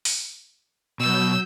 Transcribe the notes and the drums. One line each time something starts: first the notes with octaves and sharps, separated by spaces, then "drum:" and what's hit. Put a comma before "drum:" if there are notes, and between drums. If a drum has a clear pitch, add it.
drum: open hi-hat
B2 F#3 E6 G6